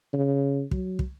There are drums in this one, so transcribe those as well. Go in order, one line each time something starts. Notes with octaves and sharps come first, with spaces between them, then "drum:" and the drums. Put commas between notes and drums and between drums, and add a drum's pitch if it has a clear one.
C#3
F#3, drum: kick
drum: kick